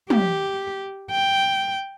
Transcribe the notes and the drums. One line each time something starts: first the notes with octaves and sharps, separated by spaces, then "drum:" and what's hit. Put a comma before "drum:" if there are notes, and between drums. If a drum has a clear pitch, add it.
G4, drum: tom
G5